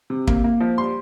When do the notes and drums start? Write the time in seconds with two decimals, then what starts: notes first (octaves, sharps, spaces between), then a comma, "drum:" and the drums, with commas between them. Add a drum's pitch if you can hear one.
0.10 C3
0.27 A#3, drum: kick
0.44 A#3
0.60 F3
0.78 G3 C6